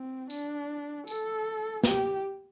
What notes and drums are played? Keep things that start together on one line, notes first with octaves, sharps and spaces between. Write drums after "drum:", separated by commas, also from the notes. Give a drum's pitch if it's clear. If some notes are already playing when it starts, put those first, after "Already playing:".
Already playing: C4
D4, drum: tambourine
A4, drum: tambourine
G4, drum: snare